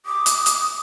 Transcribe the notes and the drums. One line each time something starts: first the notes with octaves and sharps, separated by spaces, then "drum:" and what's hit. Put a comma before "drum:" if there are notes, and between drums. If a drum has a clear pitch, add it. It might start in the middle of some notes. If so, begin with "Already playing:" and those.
D6 D#6
drum: hi-hat
drum: hi-hat